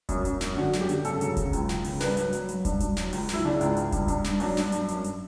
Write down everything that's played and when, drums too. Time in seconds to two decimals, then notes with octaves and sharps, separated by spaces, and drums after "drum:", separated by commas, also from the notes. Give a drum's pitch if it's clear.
0.09 F#2, drum: kick D#1, hi-hat
0.25 F#2, drum: hi-hat
0.41 F#2, drum: snare
0.57 D3 F#4
0.73 F#2, drum: snare
0.81 G4
0.89 D3, drum: hi-hat
1.05 C#3 A4, drum: hi-hat
1.21 F#3, drum: hi-hat
1.37 C#3, drum: kick D#1, hi-hat
1.53 C#2, drum: hi-hat
1.69 C#2, drum: snare
1.84 C#3, drum: open hi-hat
2.00 G2 B4, drum: snare
2.17 F#3, drum: hi-hat
2.33 F#3, drum: hi-hat
2.49 F#3, drum: hi-hat
2.65 G2, drum: kick D#1, hi-hat
2.80 G2, drum: hi-hat
2.97 F#3, drum: snare
3.13 C#2, drum: open hi-hat
3.29 C#2, drum: snare
3.34 E4
3.45 C#3 D4
3.61 C#2, drum: hi-hat
3.77 C#2, drum: hi-hat
3.92 G2, drum: kick D#1, hi-hat
4.08 G2, drum: hi-hat
4.24 G2, drum: snare
4.40 F#3 D4, drum: open hi-hat
4.57 G2, drum: snare
4.72 G2, drum: hi-hat
4.89 F#2, drum: hi-hat
5.04 drum: hi-hat